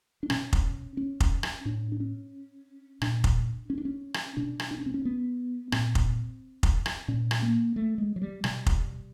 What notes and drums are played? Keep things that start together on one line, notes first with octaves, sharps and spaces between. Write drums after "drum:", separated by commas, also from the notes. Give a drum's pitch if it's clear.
D4
B2 C#4, drum: rim click
drum: kick F1
C#4
drum: kick F1
drum: rim click
A2 D4
D4
C#4
A#2 D4, drum: rim click
drum: kick F1
C#4
D4
C#4
drum: rim click
B2 D4
drum: rim click
D4
C#4
C4
C#4
B3
A#2 C4, drum: rim click
drum: kick F1
drum: kick F1
drum: rim click
A#2 C#4
drum: rim click
A#3
A3
G#3
F#3
G3
B2 G3, drum: rim click
drum: kick F1